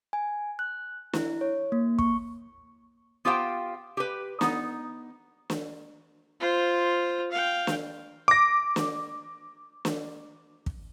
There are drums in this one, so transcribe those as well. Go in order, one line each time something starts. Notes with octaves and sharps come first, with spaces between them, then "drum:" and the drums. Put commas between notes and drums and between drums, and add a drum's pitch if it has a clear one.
G#5
F#6
E4, drum: snare
C#5
A#3
C#6, drum: kick
B3 F4 G4 C5 F5 G5
G4 B4
B3 D#4, drum: snare
drum: snare
F4 C5
F5 G5
drum: snare
D6 A#6
drum: snare
drum: snare
drum: kick